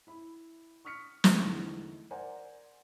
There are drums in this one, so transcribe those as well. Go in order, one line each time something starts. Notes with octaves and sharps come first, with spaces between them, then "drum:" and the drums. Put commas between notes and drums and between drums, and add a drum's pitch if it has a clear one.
E4 B5
C#6 D#6 F6 B6 C#7
drum: snare
E2 D3 E3 G#3 A3 D#4
A#4 C5 D5 F#5 G#5 A#5